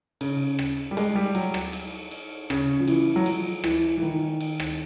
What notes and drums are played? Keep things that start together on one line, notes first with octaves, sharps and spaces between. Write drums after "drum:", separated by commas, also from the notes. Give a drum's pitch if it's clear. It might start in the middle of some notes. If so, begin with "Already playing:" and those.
C#3, drum: cymbal
drum: rim click
G3
G#3, drum: cymbal
G3
F#3, drum: cymbal
drum: rim click
drum: cymbal
drum: cymbal
C#3, drum: rim click
F3
E3, drum: cymbal
F#3
F3, drum: cymbal
E3, drum: rim click
E3
D#3
drum: cymbal
drum: rim click